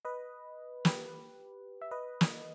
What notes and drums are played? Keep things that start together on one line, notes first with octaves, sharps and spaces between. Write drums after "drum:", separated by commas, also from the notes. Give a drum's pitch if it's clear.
B4 D#5
G4 B4, drum: snare
E5
B4 D#5
drum: snare